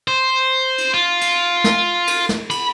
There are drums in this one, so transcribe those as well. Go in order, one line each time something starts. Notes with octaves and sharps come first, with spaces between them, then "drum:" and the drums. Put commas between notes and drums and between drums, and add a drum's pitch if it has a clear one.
C5
drum: cymbal
F4
drum: cymbal
drum: snare
drum: cymbal
drum: snare
B5, drum: cymbal